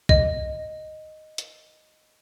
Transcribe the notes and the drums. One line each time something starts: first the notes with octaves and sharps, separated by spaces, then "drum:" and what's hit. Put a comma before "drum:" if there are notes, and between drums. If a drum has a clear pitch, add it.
D#5, drum: kick
drum: hi-hat